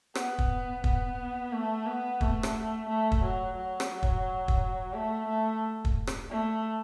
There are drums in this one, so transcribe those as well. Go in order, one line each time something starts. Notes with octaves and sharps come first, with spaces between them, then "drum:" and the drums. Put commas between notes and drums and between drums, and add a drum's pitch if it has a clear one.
B3, drum: rim click
drum: kick
B3, drum: kick
A3
B3
A3, drum: kick
drum: rim click
A3
drum: kick
F#3
F#3
drum: rim click
drum: kick
drum: kick
A3
A3
drum: kick
drum: rim click
A3